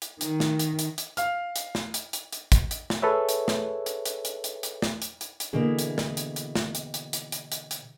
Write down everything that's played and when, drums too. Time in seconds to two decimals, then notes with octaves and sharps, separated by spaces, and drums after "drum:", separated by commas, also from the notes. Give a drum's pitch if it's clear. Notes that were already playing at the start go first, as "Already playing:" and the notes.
0.02 drum: hi-hat
0.21 D#3, drum: hi-hat
0.40 drum: snare
0.59 drum: hi-hat
0.79 drum: hi-hat
0.98 drum: hi-hat
1.17 F5 F6, drum: hi-hat
1.56 drum: hi-hat
1.75 drum: snare
1.94 drum: hi-hat
2.13 drum: hi-hat
2.32 drum: hi-hat
2.52 drum: kick, hi-hat
2.71 drum: hi-hat
2.90 drum: snare
3.02 G#4 A4 B4 C#5 E5
3.29 drum: hi-hat
3.48 drum: snare
3.86 drum: hi-hat
4.06 drum: hi-hat
4.25 drum: hi-hat
4.44 drum: hi-hat
4.63 drum: hi-hat
4.82 drum: snare
5.02 drum: hi-hat
5.21 drum: hi-hat
5.40 drum: hi-hat
5.53 B2 D3 E3 A#3 E4 G#4
5.79 drum: hi-hat
5.98 drum: snare
6.17 drum: hi-hat
6.36 drum: hi-hat
6.55 drum: snare
6.75 drum: hi-hat
6.94 drum: hi-hat
7.13 drum: hi-hat
7.32 drum: hi-hat
7.52 drum: hi-hat
7.71 drum: hi-hat